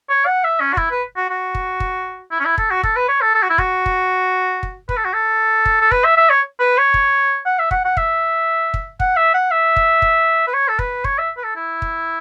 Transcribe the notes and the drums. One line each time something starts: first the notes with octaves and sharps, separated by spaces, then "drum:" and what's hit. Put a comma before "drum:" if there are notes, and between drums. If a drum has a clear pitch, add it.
C#5
F#5
E5
C#4
F#4
E4, drum: kick
B4
F#4
F#4
drum: kick
drum: kick
E4
C#4
E4
A4, drum: kick
F#4
A4, drum: kick
B4
C#5
A4
A4
F#4
E4
F#4, drum: kick
drum: kick
drum: kick
B4, drum: kick
A4
F#4
A4
drum: kick
A4
B4, drum: kick
E5
E5
C#5
B4
C#5
drum: kick
F#5
E5
F#5, drum: kick
F#5
E5, drum: kick
drum: kick
F#5, drum: kick
E5
F#5
E5
drum: kick
drum: kick
B4
C#5
A4
B4, drum: kick
C#5, drum: kick
E5
B4
A4
E4
drum: kick